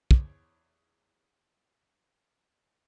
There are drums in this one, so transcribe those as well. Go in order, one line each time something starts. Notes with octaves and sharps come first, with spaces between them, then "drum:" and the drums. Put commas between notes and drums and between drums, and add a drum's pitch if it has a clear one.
E2 C5 C#5 D6, drum: kick